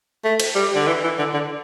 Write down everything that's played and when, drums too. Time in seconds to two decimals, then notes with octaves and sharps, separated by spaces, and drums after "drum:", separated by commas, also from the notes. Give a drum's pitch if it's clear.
0.24 A3
0.40 drum: cymbal
0.55 G3
0.75 D3
0.87 E3
1.03 E3
1.18 D3
1.34 D3